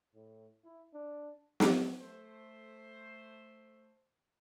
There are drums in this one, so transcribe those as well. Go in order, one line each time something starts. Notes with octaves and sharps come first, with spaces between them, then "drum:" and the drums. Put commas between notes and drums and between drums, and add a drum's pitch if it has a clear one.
A2
E4
D4
drum: snare
A3 C5